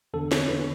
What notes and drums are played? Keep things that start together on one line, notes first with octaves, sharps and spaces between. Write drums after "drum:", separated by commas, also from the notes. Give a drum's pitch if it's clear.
E2 D3 A4
C#5, drum: snare
E2 D3 B4